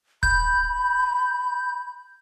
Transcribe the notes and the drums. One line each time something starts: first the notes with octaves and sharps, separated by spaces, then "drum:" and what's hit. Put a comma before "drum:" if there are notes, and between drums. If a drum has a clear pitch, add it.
B5 G6, drum: kick